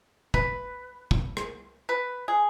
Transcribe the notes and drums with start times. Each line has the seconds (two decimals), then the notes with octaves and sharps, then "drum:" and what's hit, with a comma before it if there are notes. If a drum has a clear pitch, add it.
0.34 B4, drum: kick
1.11 drum: kick
1.37 drum: rim click
1.89 B4
2.28 G#4